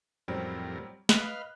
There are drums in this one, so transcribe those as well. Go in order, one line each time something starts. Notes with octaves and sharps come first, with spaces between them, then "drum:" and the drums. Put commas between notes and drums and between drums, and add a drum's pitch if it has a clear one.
F2 A2 F#3 G3 C4 A#4
B4 D#5 F5 B5 F6 F#6, drum: snare